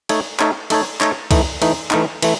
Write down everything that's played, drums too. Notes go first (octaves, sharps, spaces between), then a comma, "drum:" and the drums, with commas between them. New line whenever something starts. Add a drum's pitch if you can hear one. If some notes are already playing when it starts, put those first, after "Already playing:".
A3 D#4 A4 C#5, drum: cymbal
A3 D#4 A4 C#5, drum: clap
A3 D#4 A4 C#5, drum: cymbal
A3 D#4 A4 C#5, drum: clap
E3 A3 D#4, drum: kick C2, cymbal
E3 A3 D#4, drum: cymbal
E3 A3 D#4, drum: clap
E3 A3, drum: cymbal